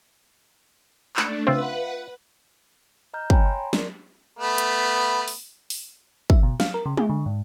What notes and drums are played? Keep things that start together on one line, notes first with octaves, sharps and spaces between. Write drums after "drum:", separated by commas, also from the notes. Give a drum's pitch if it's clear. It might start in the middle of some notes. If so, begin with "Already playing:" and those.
A3 D4 E6 F#6 C#7, drum: clap
C#3 C4 F4 B4 E5 F#5
D#5 A#5 F6 G6
C#5 G5 G#5 A#5 B5, drum: kick
C6
A#4 D5, drum: snare
A3 B3
drum: hi-hat
drum: open hi-hat
drum: open hi-hat
E5, drum: kick
B2
F5, drum: snare
A#4
C#3
G#4, drum: tom G#3
D3
G#2